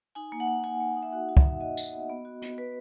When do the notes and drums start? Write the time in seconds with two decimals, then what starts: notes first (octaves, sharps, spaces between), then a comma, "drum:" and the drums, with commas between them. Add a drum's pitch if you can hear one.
0.15 D#4 G#5
0.32 A#3
0.40 F#5
0.48 A#3
0.64 A#3 G#5
0.80 A#3
0.96 D#4
1.03 E5
1.13 F#4 F#5
1.29 F#4
1.37 E5, drum: kick
1.45 F#4
1.60 F#4 D#5
1.77 F#4, drum: tambourine
1.93 B3
2.10 B3
2.25 F#4
2.42 B3, drum: hi-hat
2.58 F#4 B4